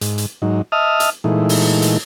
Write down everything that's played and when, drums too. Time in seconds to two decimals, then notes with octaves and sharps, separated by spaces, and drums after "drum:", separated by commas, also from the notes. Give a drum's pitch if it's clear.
0.01 G#2, drum: hi-hat
0.18 drum: hi-hat
0.42 G#2 F#3 D#4
0.72 D#5 E5 A5 D#6 F6
1.00 drum: hi-hat
1.24 A#2 E3 G#3 A3 D#4
1.49 drum: open hi-hat
1.82 drum: hi-hat